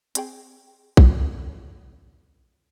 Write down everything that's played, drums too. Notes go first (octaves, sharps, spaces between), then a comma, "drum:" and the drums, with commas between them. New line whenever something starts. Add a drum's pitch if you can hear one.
C4 G#4 G5, drum: hi-hat
drum: kick A#1